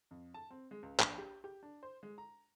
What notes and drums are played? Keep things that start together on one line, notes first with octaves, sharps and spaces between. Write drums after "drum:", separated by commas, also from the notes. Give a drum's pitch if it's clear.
F2
A5
C4
G#3
C#2
A#1, drum: clap
G4
G4
D4
C5
G#3
A#5